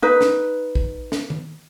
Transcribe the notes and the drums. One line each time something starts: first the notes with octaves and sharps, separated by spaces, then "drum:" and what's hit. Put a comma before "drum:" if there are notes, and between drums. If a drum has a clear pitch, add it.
D#4 B4
drum: snare
drum: kick
drum: snare
drum: tom